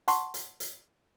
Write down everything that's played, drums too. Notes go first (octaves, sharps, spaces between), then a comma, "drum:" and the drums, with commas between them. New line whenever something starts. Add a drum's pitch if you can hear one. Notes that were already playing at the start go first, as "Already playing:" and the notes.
F#5 A5 C6 C#6, drum: hi-hat
drum: hi-hat
drum: hi-hat